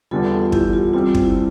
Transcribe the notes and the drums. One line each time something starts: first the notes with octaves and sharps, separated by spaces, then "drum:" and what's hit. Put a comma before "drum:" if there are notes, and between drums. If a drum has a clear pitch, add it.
E2 D3 G3 F4 A4
F4
E4 G4, drum: kick
F4
C3 G3 C4 F4
drum: kick
E4